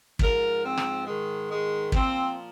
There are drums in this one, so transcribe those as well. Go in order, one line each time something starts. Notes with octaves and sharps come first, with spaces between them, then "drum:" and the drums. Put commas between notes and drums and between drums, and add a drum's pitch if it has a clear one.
G#2 F3 A#4, drum: kick
C4
drum: rim click
G#2 D#3 G#3
G#3
A#2 F3 C4, drum: kick